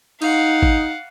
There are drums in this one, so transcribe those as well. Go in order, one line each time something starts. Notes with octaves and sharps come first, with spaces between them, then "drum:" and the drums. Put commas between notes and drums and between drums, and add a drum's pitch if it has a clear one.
D#4 F5 F#5, drum: cymbal
drum: kick